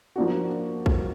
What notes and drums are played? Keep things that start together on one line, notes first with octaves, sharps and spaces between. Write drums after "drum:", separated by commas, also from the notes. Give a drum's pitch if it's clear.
F3 A#3 D4 F#4
drum: kick A#1